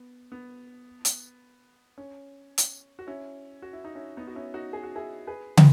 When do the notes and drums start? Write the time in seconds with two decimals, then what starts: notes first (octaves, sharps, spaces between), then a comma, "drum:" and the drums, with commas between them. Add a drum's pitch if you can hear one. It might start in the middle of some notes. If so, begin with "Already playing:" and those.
Already playing: B3
0.32 B3
1.05 drum: hi-hat
1.98 C#4
2.58 drum: hi-hat
2.99 F#4
3.07 C#4 E4
3.62 F#4
3.73 E4
3.85 D#4
3.95 C#4 E4
4.17 B3 D#4
4.27 F#4
4.35 C#4 E4
4.54 D#4 F#4
4.73 G#4
4.83 F#4
4.96 E4 G#4
5.27 G#4 B4
5.57 B4, drum: tom